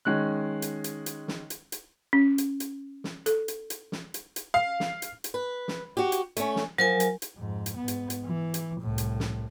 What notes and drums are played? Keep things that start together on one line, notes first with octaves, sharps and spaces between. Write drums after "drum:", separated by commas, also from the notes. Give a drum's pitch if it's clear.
D#3 G#3 C#4 F#6
drum: hi-hat
drum: hi-hat
drum: hi-hat
drum: snare
drum: hi-hat
drum: hi-hat
C#4
drum: hi-hat
drum: hi-hat
drum: snare
A4, drum: hi-hat
drum: hi-hat
drum: hi-hat
drum: snare
drum: hi-hat
drum: hi-hat
F5
drum: snare
drum: hi-hat
drum: hi-hat
B4
drum: snare
F#4 G4
drum: hi-hat
A3 C#4, drum: hi-hat
drum: snare
F3 F#3 A#4 G#5
drum: hi-hat
drum: hi-hat
F2 G#2
drum: hi-hat
G#2 B3
drum: hi-hat
drum: hi-hat
E3
drum: hi-hat
C2 A2
drum: hi-hat
drum: snare